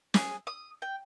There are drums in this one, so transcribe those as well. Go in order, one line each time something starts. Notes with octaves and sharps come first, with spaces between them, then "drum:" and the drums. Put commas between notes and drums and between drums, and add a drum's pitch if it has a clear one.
G#4, drum: snare
D#6
G5